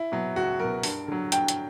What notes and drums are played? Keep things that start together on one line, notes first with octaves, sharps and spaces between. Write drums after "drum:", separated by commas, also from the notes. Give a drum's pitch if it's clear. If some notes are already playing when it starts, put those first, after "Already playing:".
Already playing: E4
B2 F#3
C#2 F#4
B2 F#3 A#4
G2, drum: open hi-hat
D3 F#3
G2 G5, drum: hi-hat
drum: hi-hat